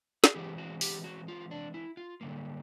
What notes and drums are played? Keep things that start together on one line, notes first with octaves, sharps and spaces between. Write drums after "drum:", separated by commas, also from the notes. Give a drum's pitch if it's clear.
G#4, drum: snare
E3 G#3 C4 G4
F#4
G4, drum: open hi-hat
F#4
F4
D4
E4
F4
D3 G3 A#3